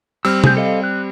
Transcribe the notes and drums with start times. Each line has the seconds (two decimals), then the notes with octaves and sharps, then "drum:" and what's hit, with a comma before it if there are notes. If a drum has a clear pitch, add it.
0.25 G3 C4 E6 F6
0.44 G#4 G6, drum: tom C3
0.57 A4 D#5 F5
0.84 F#6